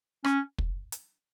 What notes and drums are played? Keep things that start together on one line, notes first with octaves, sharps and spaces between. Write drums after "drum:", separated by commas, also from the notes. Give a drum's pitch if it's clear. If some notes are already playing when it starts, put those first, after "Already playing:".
C#4, drum: rim click
drum: kick
drum: hi-hat